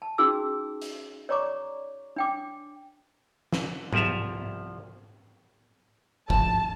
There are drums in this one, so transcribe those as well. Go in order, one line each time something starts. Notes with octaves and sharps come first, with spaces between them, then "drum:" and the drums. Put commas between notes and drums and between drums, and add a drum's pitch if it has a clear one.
A5
C#4 D#4 F#4 G#4 D6 E6
drum: hi-hat
C#5 D5 A#5 C#6 D6
D4 G5 D6
drum: snare
C2 F3 D5 E5 A#5, drum: tom
D2 G#2 F3 A5, drum: kick